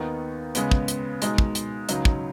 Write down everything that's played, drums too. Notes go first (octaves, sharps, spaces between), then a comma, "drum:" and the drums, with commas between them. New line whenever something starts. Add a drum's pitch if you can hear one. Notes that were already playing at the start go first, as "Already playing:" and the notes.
Already playing: D#2 D#3 B3 D#4
C#3 G#3 B3, drum: hi-hat
drum: kick
drum: hi-hat
B2 G#3 D#4, drum: hi-hat
drum: kick
drum: hi-hat
C#2 C#3 F#3 D#4, drum: hi-hat
drum: kick